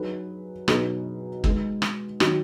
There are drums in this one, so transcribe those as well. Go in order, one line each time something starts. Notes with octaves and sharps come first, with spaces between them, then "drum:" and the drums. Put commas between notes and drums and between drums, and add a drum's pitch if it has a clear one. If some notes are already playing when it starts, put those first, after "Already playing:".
Already playing: F#3 D#4 G#4 B4
B2 F#3 D#4 G#4 B4, drum: rim click
G#3 D#4 B4, drum: kick
drum: rim click
D#3 F#3 D#4 F#4, drum: rim click